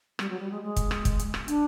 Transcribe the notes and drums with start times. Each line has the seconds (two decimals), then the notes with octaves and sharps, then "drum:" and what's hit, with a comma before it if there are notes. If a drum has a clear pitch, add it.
0.19 G3, drum: rim click
0.30 F#3
0.40 G3
0.51 G#3
0.62 G#3
0.76 drum: kick, hi-hat
0.91 drum: rim click
1.05 drum: kick, hi-hat
1.19 drum: hi-hat
1.34 drum: rim click
1.48 D4, drum: hi-hat